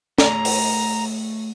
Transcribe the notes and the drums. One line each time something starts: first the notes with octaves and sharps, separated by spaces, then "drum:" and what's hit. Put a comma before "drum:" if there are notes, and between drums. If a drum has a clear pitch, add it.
A3 G#4 C#5 A#5, drum: snare
drum: open hi-hat